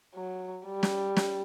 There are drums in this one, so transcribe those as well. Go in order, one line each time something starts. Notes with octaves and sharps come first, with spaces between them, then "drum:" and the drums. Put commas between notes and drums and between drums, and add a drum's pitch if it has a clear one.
F#3
G3
drum: snare
drum: snare